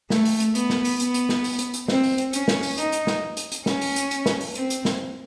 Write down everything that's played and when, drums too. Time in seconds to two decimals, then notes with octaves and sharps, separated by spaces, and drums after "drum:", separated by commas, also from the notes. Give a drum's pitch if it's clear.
0.10 A3, drum: snare
0.25 drum: open hi-hat
0.40 drum: hi-hat
0.55 B3, drum: hi-hat
0.70 drum: snare
0.85 drum: open hi-hat
1.00 B3, drum: hi-hat
1.14 drum: hi-hat
1.29 drum: snare
1.44 drum: open hi-hat
1.59 drum: hi-hat
1.74 drum: hi-hat
1.88 C4, drum: snare
2.03 drum: open hi-hat
2.18 drum: hi-hat
2.33 C#4, drum: hi-hat
2.48 drum: snare
2.63 drum: open hi-hat
2.78 D#4, drum: hi-hat
2.92 drum: hi-hat
3.07 drum: snare
3.37 drum: hi-hat
3.52 drum: hi-hat
3.66 C#4, drum: snare
3.81 drum: open hi-hat
3.96 drum: hi-hat
4.11 drum: hi-hat
4.26 drum: snare
4.41 drum: open hi-hat
4.55 C4, drum: hi-hat
4.70 drum: hi-hat
4.85 drum: snare